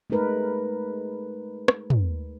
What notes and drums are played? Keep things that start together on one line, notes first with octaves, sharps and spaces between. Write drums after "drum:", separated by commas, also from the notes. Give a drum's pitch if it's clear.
G#3 A3 D#4 A#4 B4
drum: rim click
drum: tom